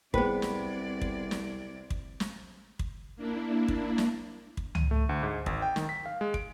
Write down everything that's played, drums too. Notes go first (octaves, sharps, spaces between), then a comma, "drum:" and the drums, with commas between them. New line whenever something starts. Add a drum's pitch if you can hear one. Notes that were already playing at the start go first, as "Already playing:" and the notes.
C2 C3 B3 G#4 B4 C5 D5 G5, drum: kick
drum: snare
drum: kick
drum: snare
drum: kick
drum: snare
drum: kick
A#3 D4 E4
drum: kick
drum: snare
drum: kick
D#7, drum: tom C#2
A3
D2
G#2
G#1, drum: kick
G5
D#3, drum: snare
B6
F5
G#3
D7, drum: kick